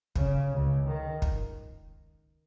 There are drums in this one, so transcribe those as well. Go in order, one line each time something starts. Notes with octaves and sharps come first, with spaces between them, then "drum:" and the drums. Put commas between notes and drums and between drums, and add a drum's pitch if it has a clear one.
C#3, drum: kick
C#2 C#3
D#3
drum: kick